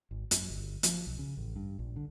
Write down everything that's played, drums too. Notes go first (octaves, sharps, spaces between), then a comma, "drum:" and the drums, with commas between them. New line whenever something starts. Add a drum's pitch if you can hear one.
G#1
F#2, drum: hi-hat
G1
F3, drum: hi-hat
B1
C#3
A1
G2
A#1
D3